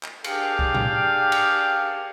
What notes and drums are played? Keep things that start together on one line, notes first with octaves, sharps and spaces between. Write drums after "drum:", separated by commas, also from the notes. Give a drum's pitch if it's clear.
drum: clap
D4 G4 G#4 F5 G5, drum: cymbal
drum: kick C2
drum: tom A2
drum: cymbal